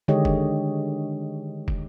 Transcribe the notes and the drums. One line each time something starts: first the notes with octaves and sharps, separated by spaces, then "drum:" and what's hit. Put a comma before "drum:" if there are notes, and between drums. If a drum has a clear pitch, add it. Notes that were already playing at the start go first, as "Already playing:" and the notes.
D3 D#3 G#3 G4 C#5 D#5
drum: kick
drum: kick